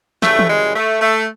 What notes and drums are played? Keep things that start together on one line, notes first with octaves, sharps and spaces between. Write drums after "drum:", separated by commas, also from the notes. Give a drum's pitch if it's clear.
F#2 C#3 E3 G3 A3, drum: snare
drum: tom
G#3
A3
A3